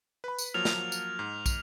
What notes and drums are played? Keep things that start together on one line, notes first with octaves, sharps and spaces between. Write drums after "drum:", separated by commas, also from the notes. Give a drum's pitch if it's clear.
B4 B5
drum: tambourine
F3 F#3 A#3 F6 F7
drum: snare
drum: tambourine
G#2
drum: kick, tambourine